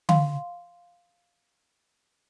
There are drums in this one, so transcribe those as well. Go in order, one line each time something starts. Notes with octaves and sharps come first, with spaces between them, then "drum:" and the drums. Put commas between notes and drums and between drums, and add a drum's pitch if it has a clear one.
F5 C6, drum: tom D3